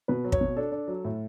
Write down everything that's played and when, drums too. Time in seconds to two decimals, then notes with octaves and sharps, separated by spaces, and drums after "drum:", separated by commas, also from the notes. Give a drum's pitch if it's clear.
0.08 B2 B4
0.24 F#3
0.32 C#5, drum: kick
0.41 B2
0.56 D4 A4
0.72 D4
0.88 F#3
1.05 A2